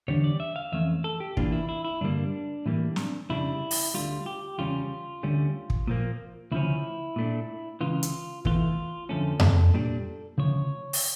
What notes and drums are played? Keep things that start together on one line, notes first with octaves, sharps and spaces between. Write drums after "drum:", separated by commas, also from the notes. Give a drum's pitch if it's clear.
E2 D3 G3 D4 C#5
D5
E5
F5
F2 E3 A3 C#4 E5
A4
G4
E2 E3 A#3 D4 F4, drum: kick
E4
E4
E4
G2 D3 G3 A#3 D4
A2 E3 G3 A#3
drum: snare
F2 C#3 G3 D4 E4
drum: open hi-hat
D2 D3 G3 F4
G4
E2 C#3 G3 C#4 F4
D2 D3 G3 C#4
drum: kick
A#2 F3 A#3
D2 C#3 F3 C#4 E4
A#2 A3 D4
C#2 C#3 E3 F4
drum: hi-hat
E2 E3 A3 F4, drum: kick
F2 D3 F3 A3 C#4 A4
drum: tom F2
A#2 G3 D4
D2 C#3 F3 C#5
drum: open hi-hat